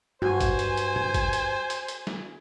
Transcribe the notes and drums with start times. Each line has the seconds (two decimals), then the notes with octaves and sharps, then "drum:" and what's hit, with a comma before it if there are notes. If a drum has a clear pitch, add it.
0.22 G2 F#4 C5 G#5
0.40 drum: kick, hi-hat
0.59 drum: hi-hat
0.77 drum: hi-hat
0.96 drum: tom
1.14 drum: kick, hi-hat
1.33 drum: hi-hat
1.70 drum: hi-hat
1.88 drum: hi-hat
2.07 drum: snare